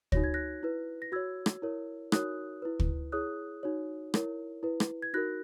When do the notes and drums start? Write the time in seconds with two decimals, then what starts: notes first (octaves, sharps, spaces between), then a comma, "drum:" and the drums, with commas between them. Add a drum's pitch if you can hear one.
0.12 D#4 F#4 C#5 A#6, drum: kick
0.24 G#6
0.34 F#6 A#6
0.63 E4 B4
1.02 A#6
1.12 F#4 C#5 E6 G#6
1.46 drum: rim click
1.62 E4 A#4 C#5
2.12 D#4 F#4 A#4 C#5 D#6 F#6, drum: rim click
2.62 E4 B4
2.80 drum: kick
3.12 E4 G#4 C#5 D#6 F#6
3.63 D#4 F#4 C#5
4.14 E4 A#4 C#5, drum: rim click
4.63 E4 B4
4.80 drum: rim click
5.02 G#6
5.13 D#4 F#4 A#4 F#6 A#6